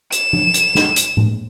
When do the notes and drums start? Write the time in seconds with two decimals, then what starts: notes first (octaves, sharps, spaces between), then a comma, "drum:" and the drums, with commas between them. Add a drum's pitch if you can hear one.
0.12 E7, drum: hi-hat
0.33 drum: tom F3
0.54 drum: hi-hat
0.75 drum: snare
0.96 drum: hi-hat
1.17 drum: tom A2